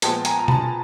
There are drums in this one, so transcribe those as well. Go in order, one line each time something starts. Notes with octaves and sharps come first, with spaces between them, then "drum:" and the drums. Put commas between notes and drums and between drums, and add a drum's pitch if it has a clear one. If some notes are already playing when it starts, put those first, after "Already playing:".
A#2 F3 G#3 B3 G5 A5, drum: hi-hat
G#5 A#5, drum: hi-hat
A#5
A5 B5, drum: tom B2